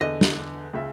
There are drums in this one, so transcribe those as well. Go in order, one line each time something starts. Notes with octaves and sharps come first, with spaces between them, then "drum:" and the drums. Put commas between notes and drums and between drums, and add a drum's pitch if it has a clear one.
E2 D3 D#5
drum: snare
C#2 C#3 E5